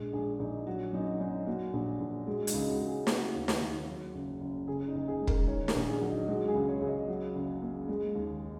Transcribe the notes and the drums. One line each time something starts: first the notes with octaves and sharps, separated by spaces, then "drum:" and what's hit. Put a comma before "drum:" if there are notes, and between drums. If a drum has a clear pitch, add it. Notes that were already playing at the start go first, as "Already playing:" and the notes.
Already playing: A#1 G#3
A#1 G#4
A#1 D#4
F#3 F#4
F#2 D#4
F#2 D#4
A#3 F#4
A#1
A#1
G#3 F#4
D#4, drum: hi-hat
C#2
F#4
C#2
G#4
A#3 F#4, drum: snare
D#2
drum: snare
D#2
F#3
F#1
F#1
C#3 G#4
D#4
F#1
G#4
G#3
A#4, drum: kick
D#3 C#5
A#4, drum: snare
A#1
G#4
F#3
D#4
G#3 F#4
G#4
C#2
C#5
C#2
D#5
F#3
F#1
A#3
G#3
D#2